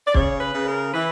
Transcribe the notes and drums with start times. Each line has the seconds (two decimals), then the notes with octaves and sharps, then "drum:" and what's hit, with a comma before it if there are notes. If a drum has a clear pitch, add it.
0.07 D5
0.14 C#3 C#5, drum: kick
0.40 B4
0.54 C#3
0.68 A#4
0.94 E3 B4